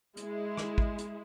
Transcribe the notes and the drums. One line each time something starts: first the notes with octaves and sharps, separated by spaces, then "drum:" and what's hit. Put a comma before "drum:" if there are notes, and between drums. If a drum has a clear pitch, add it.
G#3 E4, drum: hi-hat
drum: rim click
drum: kick
drum: hi-hat